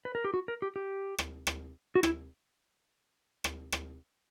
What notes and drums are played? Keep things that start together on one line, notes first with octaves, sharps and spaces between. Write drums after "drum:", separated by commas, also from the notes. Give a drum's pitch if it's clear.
B4
A#4
G4
F#4
A#4
G4
G4
drum: rim click
drum: rim click
F#4
E4, drum: rim click
drum: rim click
drum: rim click